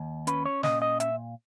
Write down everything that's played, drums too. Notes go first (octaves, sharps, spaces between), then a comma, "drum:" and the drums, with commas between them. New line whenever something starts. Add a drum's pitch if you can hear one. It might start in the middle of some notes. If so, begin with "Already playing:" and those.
Already playing: D#2
C#4 B4, drum: hi-hat
C#5
A#2 D#5, drum: snare
D#5
E5, drum: hi-hat